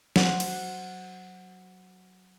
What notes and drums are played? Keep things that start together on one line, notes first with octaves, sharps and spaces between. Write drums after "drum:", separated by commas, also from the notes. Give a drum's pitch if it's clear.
F#3 C5 F#5, drum: snare
drum: cymbal